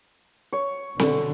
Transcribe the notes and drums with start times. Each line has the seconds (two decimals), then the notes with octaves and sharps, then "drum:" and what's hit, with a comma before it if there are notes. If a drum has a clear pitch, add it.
0.53 C#5
0.99 B2 D3, drum: snare C4